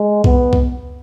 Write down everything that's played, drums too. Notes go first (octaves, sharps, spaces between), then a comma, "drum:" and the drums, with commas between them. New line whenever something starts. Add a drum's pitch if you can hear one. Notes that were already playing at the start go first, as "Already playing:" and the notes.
Already playing: G#3
B3, drum: kick C2
drum: kick C2